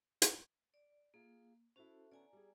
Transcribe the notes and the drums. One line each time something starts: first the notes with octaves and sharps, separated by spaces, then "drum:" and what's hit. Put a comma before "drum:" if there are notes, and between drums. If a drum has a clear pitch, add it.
drum: hi-hat
D5
A#3 F4 G#4
C#4 E4 F#4 A4 C5
D3 B3 C#4 D5 G#5 A#5
G3 G#4